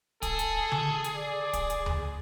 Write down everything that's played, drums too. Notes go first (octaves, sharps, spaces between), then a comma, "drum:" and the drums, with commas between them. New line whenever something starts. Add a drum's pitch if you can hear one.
G#4 A4, drum: kick, hi-hat
drum: hi-hat
drum: tom D3
drum: hi-hat
D5
drum: kick, hi-hat
drum: hi-hat
drum: tom D2